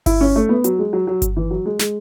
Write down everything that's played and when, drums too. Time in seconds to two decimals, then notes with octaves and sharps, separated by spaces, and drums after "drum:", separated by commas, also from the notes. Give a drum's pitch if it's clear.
0.06 E4, drum: kick G1, open hi-hat
0.21 C#4
0.36 A3
0.49 B3
0.64 F#3, drum: hi-hat
0.79 G#3
0.93 F#3
1.07 F#3
1.22 drum: kick G1, hi-hat
1.37 E3
1.51 F#3
1.66 G#3
1.80 G#3, drum: snare